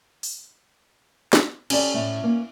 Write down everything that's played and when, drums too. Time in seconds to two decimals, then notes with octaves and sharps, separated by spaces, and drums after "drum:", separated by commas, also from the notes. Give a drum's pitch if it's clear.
0.23 drum: open hi-hat
1.33 drum: snare
1.70 C#4 G4 A4 D5, drum: cymbal
1.94 A2 A3
2.24 A#3